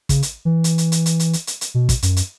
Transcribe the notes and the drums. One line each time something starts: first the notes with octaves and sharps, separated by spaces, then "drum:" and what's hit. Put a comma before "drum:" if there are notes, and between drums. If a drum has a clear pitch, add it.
C#3, drum: kick, hi-hat
drum: hi-hat
E3
drum: hi-hat
drum: hi-hat
drum: hi-hat
drum: hi-hat
drum: hi-hat
drum: hi-hat
drum: hi-hat
drum: hi-hat
B2
drum: kick, hi-hat
F#2, drum: hi-hat
drum: hi-hat